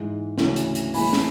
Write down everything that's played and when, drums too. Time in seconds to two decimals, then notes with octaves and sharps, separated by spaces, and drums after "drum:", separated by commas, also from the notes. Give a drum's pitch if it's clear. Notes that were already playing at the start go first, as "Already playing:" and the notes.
Already playing: G#2 E3 G#3
0.38 D2 C#3 E3 A3, drum: snare
0.56 drum: hi-hat
0.75 drum: hi-hat
0.94 A2 E3 G#3 G#5 B5, drum: open hi-hat
1.13 drum: snare